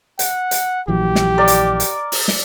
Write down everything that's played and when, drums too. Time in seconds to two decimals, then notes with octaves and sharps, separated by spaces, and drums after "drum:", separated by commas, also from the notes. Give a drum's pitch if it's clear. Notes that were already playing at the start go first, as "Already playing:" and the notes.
0.19 F#5, drum: hi-hat
0.51 drum: hi-hat
0.88 A#1 E3 F#3 G4
1.15 drum: snare
1.38 A#4 D5
1.48 drum: hi-hat
1.80 drum: hi-hat
2.12 drum: open hi-hat
2.28 drum: snare